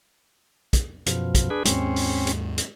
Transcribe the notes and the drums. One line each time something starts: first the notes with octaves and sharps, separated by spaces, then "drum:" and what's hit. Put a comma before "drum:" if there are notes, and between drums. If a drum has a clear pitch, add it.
drum: kick, hi-hat
F#2 B2 F3, drum: hi-hat
drum: kick, hi-hat
D4 G#4 B4
D#2 G#2 G#3 C4 C#4, drum: hi-hat
drum: open hi-hat
drum: hi-hat
drum: hi-hat